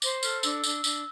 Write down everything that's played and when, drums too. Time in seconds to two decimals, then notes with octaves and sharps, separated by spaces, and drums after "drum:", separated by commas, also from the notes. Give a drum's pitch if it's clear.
0.02 C5 D6, drum: tambourine
0.23 A4 F6, drum: tambourine
0.43 D4 E6, drum: tambourine
0.64 D4, drum: tambourine
0.84 D4, drum: tambourine